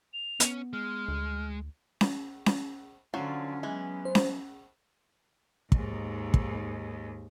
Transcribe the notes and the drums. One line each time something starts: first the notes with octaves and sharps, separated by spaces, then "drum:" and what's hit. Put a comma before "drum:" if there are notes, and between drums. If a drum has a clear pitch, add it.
F7
B3 C#4, drum: hi-hat
G#3 F6
D2
drum: snare C#4
drum: snare C#4
D3 F3 F#3 C#4 F4
E3 F#3 G#3 B3
C5
drum: snare C#4
D#2 G#2, drum: kick
drum: kick